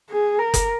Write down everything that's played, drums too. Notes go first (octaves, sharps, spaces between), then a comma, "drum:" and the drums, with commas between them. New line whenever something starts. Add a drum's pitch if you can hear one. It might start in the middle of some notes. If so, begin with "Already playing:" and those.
G#4
A#4
drum: kick F#1, hi-hat